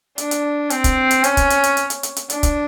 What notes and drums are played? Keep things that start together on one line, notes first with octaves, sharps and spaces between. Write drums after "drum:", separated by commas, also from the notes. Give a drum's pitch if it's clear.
D4, drum: hi-hat
drum: hi-hat
C4, drum: hi-hat
drum: kick, hi-hat
drum: hi-hat
C#4, drum: hi-hat
drum: kick, hi-hat
drum: hi-hat
drum: hi-hat
drum: hi-hat
drum: hi-hat
drum: hi-hat
drum: hi-hat
D4, drum: hi-hat
drum: kick, hi-hat